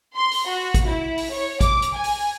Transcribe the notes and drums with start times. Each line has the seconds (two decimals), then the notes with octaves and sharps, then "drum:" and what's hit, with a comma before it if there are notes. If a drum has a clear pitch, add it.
0.16 C6
0.31 drum: open hi-hat
0.48 F#4
0.74 drum: kick A1, hi-hat
0.85 E4
1.18 drum: open hi-hat
1.30 C#5
1.61 D6, drum: kick A1, hi-hat
1.82 drum: hi-hat
1.93 G#5
2.04 drum: open hi-hat